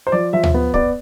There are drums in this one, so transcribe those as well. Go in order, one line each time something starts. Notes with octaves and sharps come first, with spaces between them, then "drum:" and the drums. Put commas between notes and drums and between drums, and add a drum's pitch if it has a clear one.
C5
F3 D5
F3 E5
drum: tom D2
B3
B3 D5, drum: kick